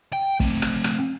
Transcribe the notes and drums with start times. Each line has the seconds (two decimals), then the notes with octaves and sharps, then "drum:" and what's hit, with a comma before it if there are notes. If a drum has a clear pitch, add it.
0.13 G5
0.40 A3 C4, drum: kick
0.62 drum: rim click
0.84 drum: rim click